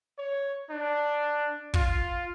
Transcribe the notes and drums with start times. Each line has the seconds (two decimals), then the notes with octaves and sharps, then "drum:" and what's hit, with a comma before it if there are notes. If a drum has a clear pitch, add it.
0.18 C#5
0.70 D4
1.74 F4, drum: kick